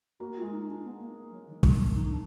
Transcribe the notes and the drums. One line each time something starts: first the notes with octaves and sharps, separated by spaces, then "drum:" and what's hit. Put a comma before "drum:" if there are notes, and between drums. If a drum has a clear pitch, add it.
A#3 F#4 A#4
F4
G#3 G#4
D#4
D4
B3
A#3
F#3
D#3
D#3, drum: kick
D#4
D4